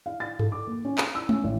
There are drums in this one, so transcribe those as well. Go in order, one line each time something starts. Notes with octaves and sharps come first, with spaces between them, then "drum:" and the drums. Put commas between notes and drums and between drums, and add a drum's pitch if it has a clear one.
F5
A6
A4, drum: tom G2
D6
A#3
C#4
D#7, drum: clap
E6
C#4, drum: tom G#3
A1